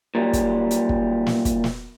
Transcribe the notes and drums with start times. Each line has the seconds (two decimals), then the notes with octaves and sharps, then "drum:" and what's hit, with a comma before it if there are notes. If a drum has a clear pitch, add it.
0.15 A#2 F#3 G3
0.33 drum: kick, hi-hat
0.71 drum: hi-hat
0.89 drum: kick
1.26 drum: snare
1.45 drum: kick, hi-hat
1.64 drum: snare